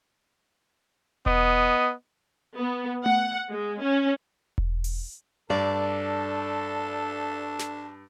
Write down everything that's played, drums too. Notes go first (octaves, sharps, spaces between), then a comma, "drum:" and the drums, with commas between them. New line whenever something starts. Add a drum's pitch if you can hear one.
B3 D#5, drum: kick E1
B3
F#5, drum: tom A3
G#3
C#4
drum: kick E1
drum: open hi-hat
G2 D4 A4 D5
drum: snare